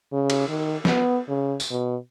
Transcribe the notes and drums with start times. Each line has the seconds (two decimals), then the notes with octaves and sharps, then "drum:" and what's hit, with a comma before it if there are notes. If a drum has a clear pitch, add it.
0.13 C#3
0.30 drum: cymbal
0.49 D#3
0.85 B3, drum: snare
1.29 C#3
1.60 drum: tambourine
1.71 B2